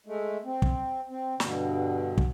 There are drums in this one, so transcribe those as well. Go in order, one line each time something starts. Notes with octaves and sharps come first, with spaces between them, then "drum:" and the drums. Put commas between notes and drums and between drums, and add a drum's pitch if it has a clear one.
G#3 A3
C4
drum: kick
C4
G2 B2 D3, drum: snare
drum: kick